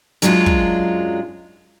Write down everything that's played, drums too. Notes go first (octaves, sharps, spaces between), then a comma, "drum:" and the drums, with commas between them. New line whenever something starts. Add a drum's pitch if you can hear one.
F#2 F#3 G#3 D4 E4 F4
drum: kick